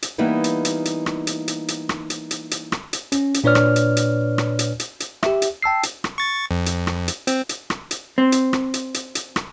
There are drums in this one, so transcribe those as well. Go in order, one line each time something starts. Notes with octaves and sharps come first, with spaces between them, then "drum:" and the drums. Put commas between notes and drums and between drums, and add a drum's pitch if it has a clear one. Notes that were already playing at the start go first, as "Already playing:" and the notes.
drum: hi-hat
E3 G3 A#3 B3 D#4 E4
drum: hi-hat
drum: hi-hat
drum: hi-hat
drum: rim click
drum: hi-hat
drum: hi-hat
drum: hi-hat
drum: rim click
drum: hi-hat
drum: hi-hat
drum: hi-hat
drum: rim click
drum: hi-hat
C#4, drum: hi-hat
drum: hi-hat
A#2 D4 B4 C#5 D5 F6
drum: rim click
drum: hi-hat
drum: hi-hat
drum: rim click
drum: hi-hat
drum: hi-hat
drum: hi-hat
G4 E5, drum: rim click
drum: hi-hat
G5 A5 E6 C7
drum: hi-hat
drum: rim click
C#6 A6
F2
drum: hi-hat
drum: rim click
drum: hi-hat
C4, drum: hi-hat
drum: hi-hat
drum: rim click
drum: hi-hat
C4
drum: hi-hat
drum: rim click
drum: hi-hat
drum: hi-hat
drum: hi-hat
drum: rim click